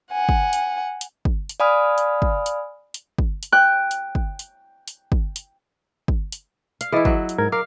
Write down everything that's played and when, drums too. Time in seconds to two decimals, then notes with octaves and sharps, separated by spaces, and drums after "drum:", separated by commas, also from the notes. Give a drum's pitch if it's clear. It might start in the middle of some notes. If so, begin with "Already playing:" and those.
0.11 F#5 G#5
0.29 drum: kick
0.53 drum: hi-hat
1.01 drum: hi-hat
1.25 drum: kick
1.49 drum: hi-hat
1.60 D5 F5 G#5 B5 D#6 F6
1.98 drum: hi-hat
2.22 drum: kick
2.46 drum: hi-hat
2.94 drum: hi-hat
3.18 drum: kick
3.43 drum: hi-hat
3.52 G5 F#6
3.91 drum: hi-hat
4.15 drum: kick
4.39 drum: hi-hat
4.88 drum: hi-hat
5.12 drum: kick
5.36 drum: hi-hat
6.08 drum: kick
6.32 drum: hi-hat
6.81 F5, drum: hi-hat
6.92 E3 E4 G#4 D#5
7.05 F#3 F#4, drum: kick
7.29 drum: hi-hat
7.38 G#2 A#4 G#6
7.52 A#4 F5 D6